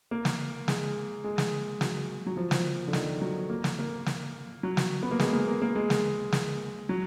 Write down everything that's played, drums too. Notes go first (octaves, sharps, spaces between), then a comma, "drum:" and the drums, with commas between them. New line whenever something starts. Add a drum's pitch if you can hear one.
A#3
drum: snare
G#3, drum: snare
G#3
drum: snare
F#3, drum: snare
F#3
F3
drum: snare
D3
D#3, drum: snare
F#3
A#3
drum: snare
A#3
drum: snare
F#3
drum: snare
B3
A#3
G#3, drum: snare
A#3
A#3
A#3
G#3
drum: snare
drum: snare
F#3